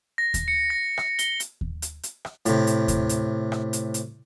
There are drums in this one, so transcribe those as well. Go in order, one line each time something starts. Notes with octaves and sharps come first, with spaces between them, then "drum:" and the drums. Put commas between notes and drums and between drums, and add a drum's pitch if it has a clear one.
A#6
drum: kick D#2, hi-hat
C#7
A#6
drum: rim click
G7, drum: hi-hat
drum: hi-hat
drum: kick D#2
drum: hi-hat
drum: hi-hat
drum: rim click
A2 C3, drum: hi-hat
drum: hi-hat
drum: kick D#2, hi-hat
drum: hi-hat
drum: rim click
drum: hi-hat
drum: hi-hat